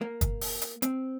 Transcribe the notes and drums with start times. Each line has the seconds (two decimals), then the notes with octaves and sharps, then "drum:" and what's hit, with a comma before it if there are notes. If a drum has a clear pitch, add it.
0.01 A#3
0.21 drum: kick, hi-hat
0.41 drum: open hi-hat
0.62 drum: hi-hat
0.82 C4, drum: hi-hat